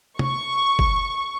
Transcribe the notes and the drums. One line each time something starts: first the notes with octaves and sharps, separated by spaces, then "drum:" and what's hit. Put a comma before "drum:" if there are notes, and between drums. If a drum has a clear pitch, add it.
C#6, drum: tom C3
drum: kick G1